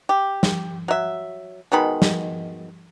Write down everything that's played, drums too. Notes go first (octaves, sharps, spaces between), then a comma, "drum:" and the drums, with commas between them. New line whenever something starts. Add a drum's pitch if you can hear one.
G4
drum: snare
F#3 E5
B2 D#3 G#3 B5
drum: snare